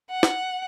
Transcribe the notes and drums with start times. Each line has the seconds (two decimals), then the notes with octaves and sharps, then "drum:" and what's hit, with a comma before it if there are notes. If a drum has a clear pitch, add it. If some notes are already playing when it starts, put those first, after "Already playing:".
0.10 F#5
0.23 drum: snare